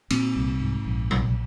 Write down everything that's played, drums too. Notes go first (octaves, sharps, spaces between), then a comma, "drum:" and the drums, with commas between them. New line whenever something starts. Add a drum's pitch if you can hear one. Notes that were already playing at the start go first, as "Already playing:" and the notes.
A#2 C4, drum: cymbal
C2
G#2
A#1
C2, drum: tom A#2